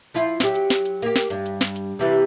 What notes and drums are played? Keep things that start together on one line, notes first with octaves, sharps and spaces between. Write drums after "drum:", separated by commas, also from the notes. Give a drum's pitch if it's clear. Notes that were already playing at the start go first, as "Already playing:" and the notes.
F3 E4 F4
F#3 G4, drum: snare
drum: hi-hat
drum: snare
drum: hi-hat
A#3 G4, drum: hi-hat
drum: snare
G2, drum: hi-hat
drum: hi-hat
drum: snare
drum: hi-hat
C3 E3 G3